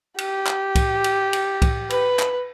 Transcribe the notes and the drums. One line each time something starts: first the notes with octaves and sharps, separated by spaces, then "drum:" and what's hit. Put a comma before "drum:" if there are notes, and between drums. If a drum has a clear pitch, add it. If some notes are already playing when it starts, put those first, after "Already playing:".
G4, drum: cymbal
drum: clap
drum: kick C2, cymbal
drum: cymbal
drum: cymbal
drum: kick C2, cymbal
B4, drum: cymbal
drum: clap